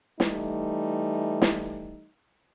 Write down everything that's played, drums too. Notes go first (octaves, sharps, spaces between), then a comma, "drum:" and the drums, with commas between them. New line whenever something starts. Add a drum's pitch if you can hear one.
E3 G3 A3 D#4, drum: snare
drum: snare